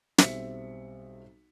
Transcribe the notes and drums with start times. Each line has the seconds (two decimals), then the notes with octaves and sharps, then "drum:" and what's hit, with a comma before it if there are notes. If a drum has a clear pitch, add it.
0.18 B1 G3 C4 E5 B6 C#7, drum: snare